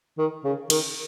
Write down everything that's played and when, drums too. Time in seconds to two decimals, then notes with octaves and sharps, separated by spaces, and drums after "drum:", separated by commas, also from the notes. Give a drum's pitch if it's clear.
0.18 D#3
0.44 C#3
0.70 D#3, drum: cymbal